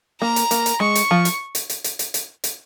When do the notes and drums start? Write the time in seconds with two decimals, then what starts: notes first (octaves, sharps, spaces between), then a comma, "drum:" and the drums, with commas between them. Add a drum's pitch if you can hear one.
0.21 A#3 A#5
0.36 drum: hi-hat
0.51 A#3, drum: hi-hat
0.66 drum: hi-hat
0.80 G#3 C#6
0.95 drum: hi-hat
1.11 F3
1.25 drum: hi-hat
1.55 drum: hi-hat
1.70 drum: hi-hat
1.84 drum: hi-hat
1.99 drum: hi-hat
2.14 drum: hi-hat
2.44 drum: hi-hat